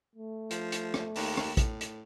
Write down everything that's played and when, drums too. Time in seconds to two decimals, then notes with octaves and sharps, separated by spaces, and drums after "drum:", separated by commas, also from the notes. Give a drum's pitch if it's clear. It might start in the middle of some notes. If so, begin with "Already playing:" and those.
0.15 A3
0.51 F3, drum: hi-hat
0.72 drum: hi-hat
0.94 drum: rim click
1.16 D#2, drum: open hi-hat
1.37 drum: rim click
1.57 A2, drum: kick, hi-hat
1.81 drum: hi-hat